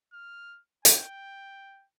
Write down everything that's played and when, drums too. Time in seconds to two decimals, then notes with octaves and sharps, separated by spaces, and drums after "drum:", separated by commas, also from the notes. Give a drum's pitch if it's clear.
0.13 F6
0.85 G5, drum: hi-hat